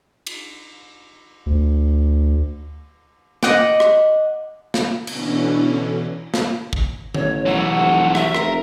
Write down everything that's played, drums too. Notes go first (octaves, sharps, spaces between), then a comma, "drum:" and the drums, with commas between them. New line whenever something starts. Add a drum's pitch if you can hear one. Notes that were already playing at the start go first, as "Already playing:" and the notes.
drum: cymbal
D2
D#5 F#5 D6, drum: snare
drum: rim click
drum: snare
B2 D3 E3 C#4, drum: cymbal
drum: snare
drum: kick
A1 C#5, drum: tom D3
E3 F#3 F#5
F1
E5, drum: rim click
F1 A#4, drum: rim click